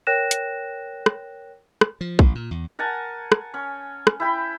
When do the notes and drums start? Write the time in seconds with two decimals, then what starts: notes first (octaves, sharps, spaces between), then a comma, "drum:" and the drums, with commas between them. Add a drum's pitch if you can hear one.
0.07 A#4 C#5 G5 F#6 A#6 E7
0.31 drum: hi-hat
1.06 drum: rim click
1.81 drum: rim click
2.01 F3
2.19 A1, drum: kick B1
2.35 A#2
2.51 E2
2.79 A#4 F#5 G#5 A5
3.32 drum: rim click
3.54 C#4
4.07 drum: rim click
4.20 E4 G5 B5